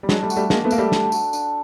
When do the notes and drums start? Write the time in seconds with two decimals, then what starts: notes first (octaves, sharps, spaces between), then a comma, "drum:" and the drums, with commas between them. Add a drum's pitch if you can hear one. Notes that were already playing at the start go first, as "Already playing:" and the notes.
0.03 G3
0.09 F#3 G#3 D4, drum: snare
0.23 G3 A3
0.30 F#4, drum: tambourine
0.36 G3 A3
0.50 G#3 A#3 D4, drum: snare
0.64 A3 B3
0.71 A#3 A4, drum: tambourine
0.78 G3 A3
0.92 D4, drum: snare
1.12 F#4, drum: tambourine
1.33 D4, drum: tambourine